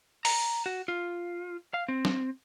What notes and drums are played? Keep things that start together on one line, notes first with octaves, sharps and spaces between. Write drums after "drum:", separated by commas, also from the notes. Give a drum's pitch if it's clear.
A#5, drum: open hi-hat
F#4
F4
F5
C4
drum: snare